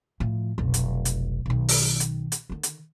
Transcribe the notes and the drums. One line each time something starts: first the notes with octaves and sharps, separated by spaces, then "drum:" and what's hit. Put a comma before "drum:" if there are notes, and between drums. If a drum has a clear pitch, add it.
A2 F3
F1 B1
drum: hi-hat
drum: hi-hat
B1 D#3
drum: open hi-hat
drum: hi-hat
drum: hi-hat
D3 D#3
drum: hi-hat